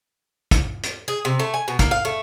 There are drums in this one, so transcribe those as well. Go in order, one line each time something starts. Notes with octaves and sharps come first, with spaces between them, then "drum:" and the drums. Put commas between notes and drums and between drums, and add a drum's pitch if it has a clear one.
drum: kick, hi-hat
drum: hi-hat
G#4
C3
A3
G#5
B2
A#3, drum: kick, hi-hat
F5
A3